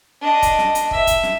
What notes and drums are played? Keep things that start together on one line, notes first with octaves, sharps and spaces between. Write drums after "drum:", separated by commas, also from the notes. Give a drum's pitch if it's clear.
D4 D#5
drum: kick, hi-hat
drum: snare
drum: hi-hat
E5, drum: kick
drum: kick, hi-hat
drum: snare